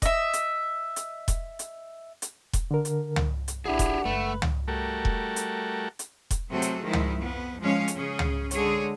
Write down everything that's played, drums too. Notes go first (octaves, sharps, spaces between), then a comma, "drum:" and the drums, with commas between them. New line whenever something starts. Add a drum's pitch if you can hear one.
D#5 E5, drum: kick E1, hi-hat
drum: hi-hat
drum: hi-hat
drum: kick E1, hi-hat
drum: hi-hat
drum: hi-hat
drum: kick E1, hi-hat
D3 A#4
drum: hi-hat
drum: tom
drum: hi-hat
A#1 D4 E4 G4 G#4 F#5
drum: kick E1, hi-hat
F#1 G#3 A3 B4
drum: tom
G3 A3 F#4 A4 A#4
drum: kick E1
drum: hi-hat
drum: hi-hat
drum: kick E1, hi-hat
C3 F#3 A3 F#4 G#4 A4
drum: hi-hat
D#3 F3 G#3 E4
drum: tom
F2 B3
F3 G#3 C#4 C#5 F5
drum: hi-hat
C#3 C#4 G#4
drum: tom
D3 G#3 G#4 C#5, drum: hi-hat